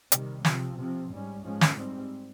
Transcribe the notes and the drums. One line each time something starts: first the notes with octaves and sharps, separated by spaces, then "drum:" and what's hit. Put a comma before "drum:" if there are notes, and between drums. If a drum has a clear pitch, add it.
C3 D#3 G3, drum: hi-hat
C3 F3 C4, drum: snare
C3 F3 C4
G#2 G3 C#4
G#2 F3 G#3 C#4
drum: snare
G#2 G3 C4